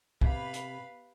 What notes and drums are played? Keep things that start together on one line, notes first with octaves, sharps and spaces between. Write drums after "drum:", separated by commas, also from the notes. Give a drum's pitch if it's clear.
C3 B4 F5 B5, drum: kick
drum: hi-hat